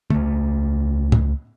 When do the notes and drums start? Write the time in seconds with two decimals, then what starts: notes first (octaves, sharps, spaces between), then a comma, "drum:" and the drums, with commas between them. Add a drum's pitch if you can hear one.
0.10 C#2 A3, drum: tom
1.12 drum: tom